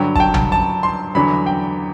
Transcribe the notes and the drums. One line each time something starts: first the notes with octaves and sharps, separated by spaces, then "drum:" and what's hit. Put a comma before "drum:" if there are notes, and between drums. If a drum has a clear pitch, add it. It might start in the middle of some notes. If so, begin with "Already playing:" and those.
Already playing: G2 D3 F#3 G5
A5, drum: kick
G5
drum: tom
A5
C6
E2 D3 F#3 B5
G5